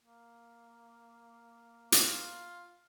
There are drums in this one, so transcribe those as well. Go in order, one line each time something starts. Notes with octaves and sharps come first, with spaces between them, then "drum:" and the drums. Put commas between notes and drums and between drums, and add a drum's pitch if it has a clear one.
A#3
F4, drum: hi-hat